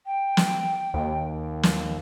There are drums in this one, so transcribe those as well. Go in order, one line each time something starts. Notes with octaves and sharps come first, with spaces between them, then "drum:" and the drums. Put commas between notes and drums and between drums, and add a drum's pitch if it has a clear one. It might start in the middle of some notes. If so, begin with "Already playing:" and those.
G5
drum: snare
D#2
drum: snare